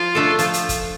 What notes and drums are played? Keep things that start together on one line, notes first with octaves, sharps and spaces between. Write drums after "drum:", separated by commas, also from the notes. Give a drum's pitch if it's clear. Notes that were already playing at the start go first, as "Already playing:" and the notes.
Already playing: F3 F4
A3 D4 A4
F3, drum: hi-hat
drum: hi-hat
drum: kick, hi-hat